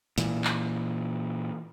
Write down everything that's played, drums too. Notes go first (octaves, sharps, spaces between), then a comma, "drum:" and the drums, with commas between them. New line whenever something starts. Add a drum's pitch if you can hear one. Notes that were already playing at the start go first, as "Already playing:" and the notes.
A#2 E3, drum: snare
drum: clap